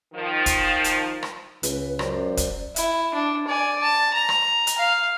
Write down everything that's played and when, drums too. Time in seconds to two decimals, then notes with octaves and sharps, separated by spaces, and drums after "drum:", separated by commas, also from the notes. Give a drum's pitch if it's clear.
0.14 D#3 F3
0.46 drum: kick, hi-hat
0.84 drum: hi-hat
1.23 drum: rim click
1.63 C#2 B4, drum: hi-hat
1.99 F#2 C5 D5, drum: rim click
2.37 drum: kick, hi-hat
2.76 E4, drum: hi-hat
3.14 D4
3.47 D5 G#5
3.83 A5
4.13 A#5
4.29 drum: rim click
4.67 drum: hi-hat
4.78 F5